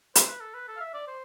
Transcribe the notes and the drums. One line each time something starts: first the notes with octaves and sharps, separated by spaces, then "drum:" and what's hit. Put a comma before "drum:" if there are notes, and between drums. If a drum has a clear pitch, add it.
C5, drum: hi-hat
B4
A4
B4
A4
F5
E5
D5
C5